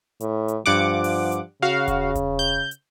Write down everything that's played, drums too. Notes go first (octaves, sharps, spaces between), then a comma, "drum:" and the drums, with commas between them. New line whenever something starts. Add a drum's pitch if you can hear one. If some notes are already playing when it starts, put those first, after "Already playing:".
A2, drum: hi-hat
drum: hi-hat
G2 F3 F#5 D6
drum: open hi-hat
drum: hi-hat
C#3 F#4 F5
drum: kick E1, hi-hat
drum: kick E1, hi-hat
G6
drum: hi-hat